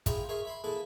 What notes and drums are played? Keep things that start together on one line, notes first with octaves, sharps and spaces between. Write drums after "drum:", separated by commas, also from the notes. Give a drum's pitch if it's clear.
E4 F4 G#4 G5 A#5, drum: kick, hi-hat
G#4 A#4 C#5 E5 C6
E5 B5 C6
A#3 E4 G#4 A4 B4